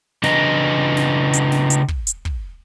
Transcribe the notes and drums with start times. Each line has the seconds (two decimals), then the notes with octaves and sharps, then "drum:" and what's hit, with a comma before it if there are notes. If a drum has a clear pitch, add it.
0.23 C#3 D4 B4 D#5 A#5, drum: snare
0.97 drum: snare
1.33 drum: hi-hat
1.52 drum: snare
1.70 drum: hi-hat
1.88 drum: kick
2.07 drum: hi-hat
2.25 drum: kick